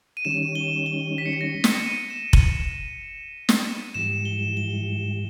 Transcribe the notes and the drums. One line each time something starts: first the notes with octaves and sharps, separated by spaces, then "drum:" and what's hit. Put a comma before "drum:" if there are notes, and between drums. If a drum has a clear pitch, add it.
D#7
D#3 G3 C#4 E7
G7
G7
B6
C#7
B6
A#6
B6, drum: snare
D#7
E7
drum: kick F1
drum: snare
G#2 E3 G3 E7
G7
G7